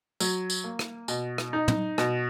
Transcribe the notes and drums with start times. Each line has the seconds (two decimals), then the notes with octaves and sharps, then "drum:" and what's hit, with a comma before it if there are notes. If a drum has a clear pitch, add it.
0.20 F#3, drum: tambourine
0.50 drum: tambourine
0.64 A#3
0.79 drum: rim click
1.08 B2, drum: tambourine
1.38 drum: rim click
1.53 D#4
1.68 drum: tom
1.98 B2, drum: rim click